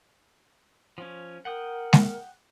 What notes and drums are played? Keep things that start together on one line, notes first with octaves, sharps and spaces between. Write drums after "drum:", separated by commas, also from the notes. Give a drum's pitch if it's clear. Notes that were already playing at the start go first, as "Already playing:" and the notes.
F3 C#4
A#4 F#5 G5 D#6
drum: snare